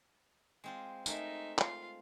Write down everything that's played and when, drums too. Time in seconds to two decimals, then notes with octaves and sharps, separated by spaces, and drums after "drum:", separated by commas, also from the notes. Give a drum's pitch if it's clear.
0.64 G#3 C4 F4
1.06 G#3 A3 D#4 A#4 E5, drum: tambourine
1.59 F4 F5, drum: clap